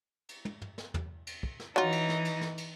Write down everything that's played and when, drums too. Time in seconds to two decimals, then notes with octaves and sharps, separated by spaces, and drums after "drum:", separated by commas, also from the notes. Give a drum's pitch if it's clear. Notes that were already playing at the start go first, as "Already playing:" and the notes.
0.29 drum: cymbal
0.45 drum: tom
0.62 drum: tom
0.78 drum: snare
0.94 drum: tom
1.27 drum: cymbal
1.43 drum: kick
1.60 drum: snare
1.76 E3 F#3 D#4 F4
1.92 drum: cymbal
2.09 drum: snare
2.25 drum: cymbal
2.41 drum: snare
2.58 drum: cymbal